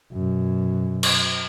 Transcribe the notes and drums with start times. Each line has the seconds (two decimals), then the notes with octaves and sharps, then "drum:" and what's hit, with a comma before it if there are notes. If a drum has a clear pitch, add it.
0.12 F#2 B2
1.03 drum: cymbal